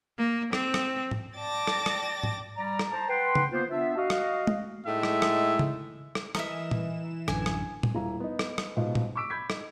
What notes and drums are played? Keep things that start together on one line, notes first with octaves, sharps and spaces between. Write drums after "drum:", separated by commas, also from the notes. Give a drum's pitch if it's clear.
A#3
C4, drum: rim click
drum: rim click
drum: tom G#2
D5 G5 A5 D6 A6 A#6
drum: rim click
drum: rim click
drum: tom G#2
G3 D5 A#5
drum: rim click
C5 A5 A#5
B4 F#5 G5 C6
drum: tom C#3
A#3 B3 F4 C5
B3 D4 F4 E5
F#4 D#5 F5
drum: rim click
drum: tom G#3
A2 G#3 D#4 E5
drum: rim click
drum: rim click
drum: tom C#3
drum: rim click
E3 A#4 D#5 E5 E7, drum: rim click
drum: tom A#2
A1 F#2 D3 G#5, drum: rim click
drum: rim click
drum: tom A#2
D#1 E4 F5 A#5
B3 D#4
drum: rim click
drum: rim click
G#2 B2 F4
drum: tom A#2
C#6 D6 E6 B6 D7
B5 G6 G#6 B6
D#4, drum: rim click